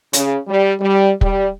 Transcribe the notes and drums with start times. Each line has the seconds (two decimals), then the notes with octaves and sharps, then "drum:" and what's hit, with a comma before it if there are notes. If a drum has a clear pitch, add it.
0.13 C#3, drum: hi-hat
0.48 G3
0.80 G3
1.21 G3, drum: kick